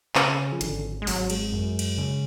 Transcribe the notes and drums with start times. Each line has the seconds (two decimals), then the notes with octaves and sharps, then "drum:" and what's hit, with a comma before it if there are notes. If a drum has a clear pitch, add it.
0.15 C#3 C#4, drum: clap
0.52 F3
0.61 G#1 D3, drum: hi-hat
1.02 G#3
1.07 G#1 F#3, drum: open hi-hat
1.30 G#3, drum: cymbal
1.52 F#2
1.79 drum: cymbal
1.98 C#3